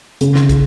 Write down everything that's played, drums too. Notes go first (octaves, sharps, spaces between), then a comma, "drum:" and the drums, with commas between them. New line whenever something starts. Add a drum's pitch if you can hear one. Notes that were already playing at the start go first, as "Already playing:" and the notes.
C#3, drum: hi-hat
drum: snare
drum: kick, hi-hat